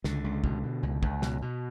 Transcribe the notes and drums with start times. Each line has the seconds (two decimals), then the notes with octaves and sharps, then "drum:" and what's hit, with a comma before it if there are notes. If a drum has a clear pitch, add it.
0.04 C#2 D3, drum: snare
0.24 C#2
0.44 B2, drum: kick
0.64 B2
0.83 C#2
1.03 C#2, drum: kick
1.22 B2, drum: snare
1.42 B2